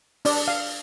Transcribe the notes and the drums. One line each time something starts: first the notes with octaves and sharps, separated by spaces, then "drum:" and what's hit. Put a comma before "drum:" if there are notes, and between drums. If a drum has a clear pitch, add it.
D4 D5, drum: open hi-hat
F5